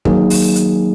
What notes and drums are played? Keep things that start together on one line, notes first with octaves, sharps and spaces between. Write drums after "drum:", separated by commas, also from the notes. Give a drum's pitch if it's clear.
D#3 F#3 A#3 D#4 G#4, drum: kick
drum: open hi-hat
drum: hi-hat